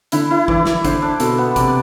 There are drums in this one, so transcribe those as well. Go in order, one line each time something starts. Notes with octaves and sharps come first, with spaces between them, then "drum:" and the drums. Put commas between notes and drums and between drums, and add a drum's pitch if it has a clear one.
D3 E4, drum: hi-hat
E4
E3 D5, drum: kick
D5, drum: snare
D3 C5, drum: kick, hi-hat
D4
B2 A4, drum: hi-hat
B3
C3 D5, drum: kick, hi-hat